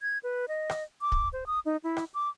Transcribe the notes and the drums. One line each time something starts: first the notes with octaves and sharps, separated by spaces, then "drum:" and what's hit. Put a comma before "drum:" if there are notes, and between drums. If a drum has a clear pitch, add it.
G#6
B4
D#5
drum: rim click
D6
drum: kick
C5
D#6
D#4
E4
drum: rim click
D6